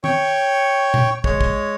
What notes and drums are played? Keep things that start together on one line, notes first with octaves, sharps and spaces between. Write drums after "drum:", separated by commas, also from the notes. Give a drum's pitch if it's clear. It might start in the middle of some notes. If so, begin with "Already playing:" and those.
C#5 G5 C#6, drum: tom D#3
drum: tom A#2
G#3 C#5, drum: kick
drum: kick